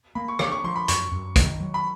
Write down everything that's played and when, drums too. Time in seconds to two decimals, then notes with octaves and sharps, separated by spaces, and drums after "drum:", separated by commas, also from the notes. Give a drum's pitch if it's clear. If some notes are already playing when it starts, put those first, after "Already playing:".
0.15 A#3 B5
0.28 C#6
0.39 D3 D6, drum: rim click
0.52 C#6
0.64 F3 C6
0.76 B5
0.88 F#2 C#6, drum: hi-hat
1.12 F#2
1.36 D#3, drum: kick, hi-hat
1.60 F#3
1.74 B5